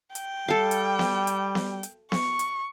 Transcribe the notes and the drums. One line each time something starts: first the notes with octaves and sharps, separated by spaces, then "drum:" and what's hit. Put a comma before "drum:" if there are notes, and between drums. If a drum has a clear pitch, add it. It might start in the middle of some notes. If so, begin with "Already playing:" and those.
G5, drum: hi-hat
G3 A4 F5
drum: hi-hat
drum: snare B3
drum: hi-hat
drum: snare B3
drum: hi-hat
C#6, drum: snare B3
drum: hi-hat